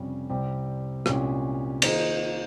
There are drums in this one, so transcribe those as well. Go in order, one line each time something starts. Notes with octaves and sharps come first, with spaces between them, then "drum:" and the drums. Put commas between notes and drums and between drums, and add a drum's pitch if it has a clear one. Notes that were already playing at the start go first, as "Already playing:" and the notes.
Already playing: F1 F2 C#3 G3 C#4
C2 C3 G3 C4 G4
C2 A#2 G#3 C#4 G4, drum: rim click
D#3 A#3 F4 C5 D#5, drum: cymbal